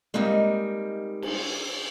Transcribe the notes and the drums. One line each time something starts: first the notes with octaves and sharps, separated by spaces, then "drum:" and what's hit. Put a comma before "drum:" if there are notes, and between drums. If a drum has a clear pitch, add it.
G3 G#3 A#3 C4 D#4
drum: cymbal